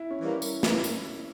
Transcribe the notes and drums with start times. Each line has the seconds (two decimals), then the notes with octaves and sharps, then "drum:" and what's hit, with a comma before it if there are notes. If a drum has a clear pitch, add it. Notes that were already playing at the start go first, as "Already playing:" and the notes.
Already playing: E4
0.11 C#4
0.21 E3 G3 A#3
0.42 drum: tambourine
0.63 E3 G3 A#3, drum: snare
0.84 drum: tambourine